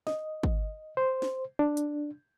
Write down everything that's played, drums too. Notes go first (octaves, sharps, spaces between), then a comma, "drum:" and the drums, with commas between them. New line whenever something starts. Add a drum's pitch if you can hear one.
D#5, drum: snare
drum: kick
C5
drum: snare
D4
drum: hi-hat